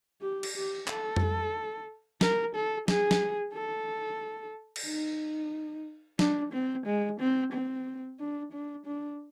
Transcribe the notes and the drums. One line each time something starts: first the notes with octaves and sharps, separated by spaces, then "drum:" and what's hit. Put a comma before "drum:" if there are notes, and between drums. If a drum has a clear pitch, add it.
G4
drum: cymbal
G4
A4, drum: clap
drum: tom F2
A#4, drum: snare
A4
G#4, drum: snare
drum: snare
A4
drum: cymbal
D#4
D4, drum: snare
C4
G#3
C4
C4
D4
D4
D4